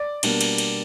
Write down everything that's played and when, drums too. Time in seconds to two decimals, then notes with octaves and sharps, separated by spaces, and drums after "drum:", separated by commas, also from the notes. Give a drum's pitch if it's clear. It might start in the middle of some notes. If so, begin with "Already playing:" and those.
Already playing: D5
0.23 B2 G3 A#3 D4, drum: cymbal
0.41 drum: cymbal
0.58 drum: cymbal